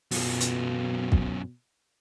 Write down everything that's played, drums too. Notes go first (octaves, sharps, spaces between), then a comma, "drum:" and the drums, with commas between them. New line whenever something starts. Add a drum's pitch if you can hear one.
F#2 B2 F4, drum: open hi-hat
drum: hi-hat
drum: kick